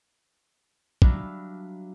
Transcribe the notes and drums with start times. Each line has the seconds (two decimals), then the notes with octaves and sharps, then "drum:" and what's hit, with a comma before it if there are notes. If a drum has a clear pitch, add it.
1.02 F#3 G3 D4 E5 F5 B5, drum: kick